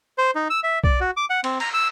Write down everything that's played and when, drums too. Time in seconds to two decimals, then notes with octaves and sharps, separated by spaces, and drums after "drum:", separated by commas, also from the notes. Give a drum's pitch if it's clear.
0.18 C5
0.35 D#4
0.50 E6
0.63 E5
0.84 D5, drum: kick B1
1.01 F#4
1.17 D6
1.30 F#5
1.44 C4, drum: cymbal
1.60 A#5, drum: cymbal
1.74 E6